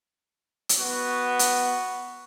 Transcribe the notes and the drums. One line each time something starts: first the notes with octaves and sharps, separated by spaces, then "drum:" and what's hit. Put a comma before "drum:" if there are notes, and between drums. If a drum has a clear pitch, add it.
drum: hi-hat
B3 F#4
drum: hi-hat